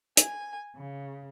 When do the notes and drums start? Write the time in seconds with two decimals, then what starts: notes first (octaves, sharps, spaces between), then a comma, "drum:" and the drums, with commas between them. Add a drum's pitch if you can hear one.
0.17 G#5, drum: hi-hat
0.75 C#3